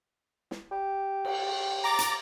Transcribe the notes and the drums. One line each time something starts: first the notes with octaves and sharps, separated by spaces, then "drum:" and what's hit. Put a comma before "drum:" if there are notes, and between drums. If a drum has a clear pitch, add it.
drum: snare
G4
drum: cymbal
A#5 D6 A6
drum: hi-hat